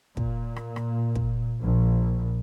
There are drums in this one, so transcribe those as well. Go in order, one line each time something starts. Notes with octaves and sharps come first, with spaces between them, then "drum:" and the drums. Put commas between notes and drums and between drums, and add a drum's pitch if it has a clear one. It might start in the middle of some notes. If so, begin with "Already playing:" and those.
A#2, drum: kick
drum: rim click
drum: rim click
drum: kick
A#1